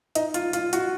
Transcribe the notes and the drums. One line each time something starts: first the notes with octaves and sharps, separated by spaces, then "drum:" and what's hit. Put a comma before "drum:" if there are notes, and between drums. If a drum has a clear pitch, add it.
D#4, drum: hi-hat
F4, drum: hi-hat
F4, drum: hi-hat
F#4, drum: hi-hat